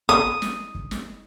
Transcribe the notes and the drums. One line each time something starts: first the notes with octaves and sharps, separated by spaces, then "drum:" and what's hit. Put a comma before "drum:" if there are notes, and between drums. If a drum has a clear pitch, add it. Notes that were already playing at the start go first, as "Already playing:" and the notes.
D#6, drum: kick
drum: snare
drum: kick
drum: snare